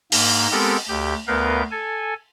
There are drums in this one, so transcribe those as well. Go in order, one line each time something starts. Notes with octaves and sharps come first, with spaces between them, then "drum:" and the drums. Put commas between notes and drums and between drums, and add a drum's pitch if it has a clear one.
G#2 A#3, drum: open hi-hat
G#3 B3 C4 G4 A4 A#4
D2 G4 G6
D2 B3 A#4 B4 F5 G6
A4 G#5